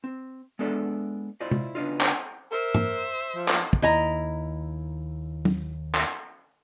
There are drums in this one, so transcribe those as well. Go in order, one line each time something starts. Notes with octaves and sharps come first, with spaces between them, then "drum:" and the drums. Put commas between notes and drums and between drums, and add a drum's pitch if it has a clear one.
C4
G#3 B3 D4 A4 D5 E5
E4 F4 C5 D5 D#5
drum: tom C3
C#3 B3 D4 D#4 F4
drum: clap
A#4 C5 E5
drum: tom G#2
F3
drum: clap
drum: kick
D#2 E4 D#5 A#5
drum: tom
drum: clap